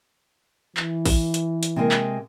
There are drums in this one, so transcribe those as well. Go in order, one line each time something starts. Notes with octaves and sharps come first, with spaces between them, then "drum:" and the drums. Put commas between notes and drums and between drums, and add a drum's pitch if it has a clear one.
E3, drum: clap
drum: kick, open hi-hat
drum: hi-hat
drum: hi-hat
C3 G#3 A#3
drum: clap